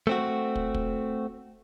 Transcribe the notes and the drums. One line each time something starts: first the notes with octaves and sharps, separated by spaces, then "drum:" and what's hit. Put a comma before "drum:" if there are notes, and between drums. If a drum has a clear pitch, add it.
A3 C4 F#4
drum: kick
drum: kick